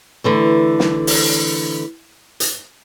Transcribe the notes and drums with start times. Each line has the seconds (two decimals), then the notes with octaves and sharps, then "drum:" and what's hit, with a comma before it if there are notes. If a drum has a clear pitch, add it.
0.24 D3 E3 A3
0.80 drum: snare
1.07 drum: open hi-hat
2.40 drum: hi-hat